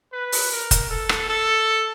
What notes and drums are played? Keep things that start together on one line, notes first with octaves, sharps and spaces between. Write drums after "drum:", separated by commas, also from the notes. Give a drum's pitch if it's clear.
B4
drum: open hi-hat
A#4
drum: kick F1, hi-hat
A4
drum: rim click
A4